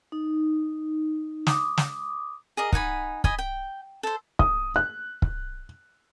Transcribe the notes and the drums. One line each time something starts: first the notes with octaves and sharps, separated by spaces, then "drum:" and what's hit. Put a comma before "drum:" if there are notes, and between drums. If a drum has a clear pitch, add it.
D#4
D6 D#6, drum: snare
drum: snare
G#4 A#4 D#5
D#4 F#5 G#5 B5, drum: kick
D#5 G#5 B5, drum: kick
G5
A4 C5
D#6, drum: kick
F#6
drum: kick